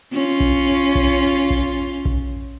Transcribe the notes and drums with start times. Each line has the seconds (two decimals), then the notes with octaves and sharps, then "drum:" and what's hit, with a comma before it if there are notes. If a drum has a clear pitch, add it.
0.13 C#4 F4
0.40 drum: kick A#1
0.95 drum: kick A#1
1.50 drum: kick A#1
2.05 drum: kick A#1